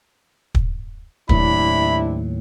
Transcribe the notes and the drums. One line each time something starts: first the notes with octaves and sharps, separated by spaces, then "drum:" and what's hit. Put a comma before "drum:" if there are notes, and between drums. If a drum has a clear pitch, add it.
drum: kick
D#2 A2 C3 F#3 D4 E4 B5, drum: kick